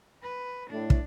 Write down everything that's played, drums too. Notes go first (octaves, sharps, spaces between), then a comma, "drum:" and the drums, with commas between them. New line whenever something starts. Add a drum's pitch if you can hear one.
B4
A2 D4
drum: kick